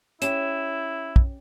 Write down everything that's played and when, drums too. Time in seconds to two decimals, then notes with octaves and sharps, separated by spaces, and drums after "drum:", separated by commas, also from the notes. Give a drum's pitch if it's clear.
0.22 C#4 E4 G4 E7, drum: hi-hat
1.16 drum: kick